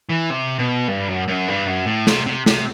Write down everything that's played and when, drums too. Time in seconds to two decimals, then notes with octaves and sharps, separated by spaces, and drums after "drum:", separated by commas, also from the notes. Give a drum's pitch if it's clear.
0.09 E3
0.30 C3
0.59 B2
0.88 G2
1.08 F#2
1.28 F#2
1.48 G2
1.67 F#2
1.86 A2
2.07 C3, drum: snare
2.26 C3
2.46 C3, drum: snare